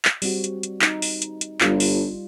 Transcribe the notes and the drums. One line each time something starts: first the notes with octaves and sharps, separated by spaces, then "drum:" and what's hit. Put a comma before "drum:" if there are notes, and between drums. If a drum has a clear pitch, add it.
drum: clap
G3 C4 F#4, drum: open hi-hat
drum: hi-hat
drum: hi-hat
D#4, drum: clap
drum: open hi-hat
drum: hi-hat
drum: hi-hat
G1 G3 F4, drum: clap
drum: open hi-hat